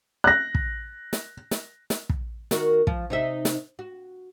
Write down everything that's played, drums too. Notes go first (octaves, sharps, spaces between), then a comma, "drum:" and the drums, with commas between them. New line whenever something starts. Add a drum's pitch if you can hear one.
F#6 A#6
drum: kick
drum: snare
drum: snare
drum: snare
drum: kick
D#3 F#4 A#4, drum: snare
F3, drum: kick
C3 D#4 E5
drum: snare
F#4